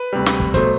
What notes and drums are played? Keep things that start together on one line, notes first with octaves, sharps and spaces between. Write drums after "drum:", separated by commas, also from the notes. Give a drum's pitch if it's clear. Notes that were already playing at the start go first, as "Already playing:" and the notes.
Already playing: B4
D2 C3 G3
drum: snare
drum: kick
B2 F#3 A3 C5, drum: kick, hi-hat